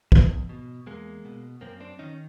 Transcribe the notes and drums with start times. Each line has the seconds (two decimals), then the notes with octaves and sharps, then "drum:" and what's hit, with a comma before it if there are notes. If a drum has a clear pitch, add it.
0.12 E2, drum: kick
0.49 B2
0.86 E2 G#3 A#3
1.25 B2
1.61 F#2 A#3 C4
1.80 C4 D4
1.99 D#3 C#4 D#4